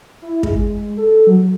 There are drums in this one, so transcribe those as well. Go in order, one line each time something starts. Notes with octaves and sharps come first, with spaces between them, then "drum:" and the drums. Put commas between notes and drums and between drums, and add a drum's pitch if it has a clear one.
E4
G#3, drum: kick
A4
F#3